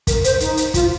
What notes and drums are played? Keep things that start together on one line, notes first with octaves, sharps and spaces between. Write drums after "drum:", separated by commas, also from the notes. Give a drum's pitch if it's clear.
A#4, drum: kick, hi-hat
C5, drum: hi-hat
D#4, drum: hi-hat
drum: hi-hat
F4, drum: kick, hi-hat